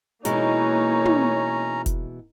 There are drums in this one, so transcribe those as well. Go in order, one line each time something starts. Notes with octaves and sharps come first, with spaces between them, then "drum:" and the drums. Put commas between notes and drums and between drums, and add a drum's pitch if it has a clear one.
B2 E3 G#3 A#3 C#4 D#4 C#5 A#5, drum: hi-hat
drum: tom
drum: kick F1, hi-hat